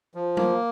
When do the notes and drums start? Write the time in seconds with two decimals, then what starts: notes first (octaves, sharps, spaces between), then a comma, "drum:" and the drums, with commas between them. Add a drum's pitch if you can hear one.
0.15 F3
0.37 A#3, drum: tom F#3